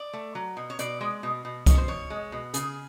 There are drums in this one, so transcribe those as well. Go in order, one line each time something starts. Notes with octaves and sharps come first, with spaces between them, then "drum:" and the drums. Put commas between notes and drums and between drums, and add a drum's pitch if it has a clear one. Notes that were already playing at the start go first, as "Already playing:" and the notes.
Already playing: D5
A3
F#3
B2
C#5
B2 D5, drum: hi-hat
G#3
B2
B2
B2 C#5, drum: kick C2, hi-hat
C5
B2 C#5
G#3
B2
C#3 G#4, drum: hi-hat